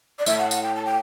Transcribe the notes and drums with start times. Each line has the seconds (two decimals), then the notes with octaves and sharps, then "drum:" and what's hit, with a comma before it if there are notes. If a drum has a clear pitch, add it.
0.19 D5
0.26 A2 E5, drum: tambourine
0.39 F#5
0.51 F#5, drum: tambourine
0.63 G5
0.75 A5
0.85 G5